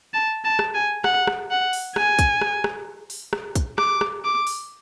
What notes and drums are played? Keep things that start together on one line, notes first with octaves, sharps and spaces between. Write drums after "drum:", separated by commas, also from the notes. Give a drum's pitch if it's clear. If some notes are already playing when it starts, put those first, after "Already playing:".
A5
A5
drum: rim click
G#5
F#5, drum: rim click
drum: rim click
F#5
drum: open hi-hat
G#5, drum: rim click
drum: kick, hi-hat
drum: rim click
drum: rim click
drum: open hi-hat
drum: rim click
drum: kick, hi-hat
D6, drum: rim click
drum: rim click
D6
drum: open hi-hat